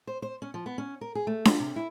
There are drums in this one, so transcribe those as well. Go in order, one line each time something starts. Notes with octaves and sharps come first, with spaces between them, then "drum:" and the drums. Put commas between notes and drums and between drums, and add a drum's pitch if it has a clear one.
C5
C5
C#4
F3
B3
C#4
A#4
G#4
A3
F4, drum: snare D4
C3
E4